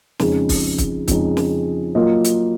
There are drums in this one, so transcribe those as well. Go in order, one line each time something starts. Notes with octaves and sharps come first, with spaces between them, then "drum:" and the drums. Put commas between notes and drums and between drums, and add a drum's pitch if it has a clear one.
F2 C#3 G#3 D#4 G#4, drum: snare
drum: kick, open hi-hat
drum: kick, hi-hat
F2 C#3 G#3 D#4 G#4, drum: kick, hi-hat
drum: snare
F#3 A#3 F4 A#4 D#5
drum: hi-hat